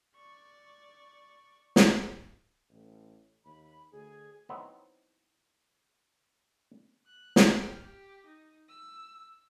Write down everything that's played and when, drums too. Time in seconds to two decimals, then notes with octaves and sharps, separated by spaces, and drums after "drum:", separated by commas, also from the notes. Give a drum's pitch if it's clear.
0.15 D5 C#6
1.76 drum: snare
2.69 A1
3.45 D#2 B5
3.92 D2 G#4
4.49 F#3 B3 C4 D#4 E4 F#4
7.07 F#6
7.36 drum: snare
7.50 G5 F6
7.82 G4
8.26 D#4
8.69 E6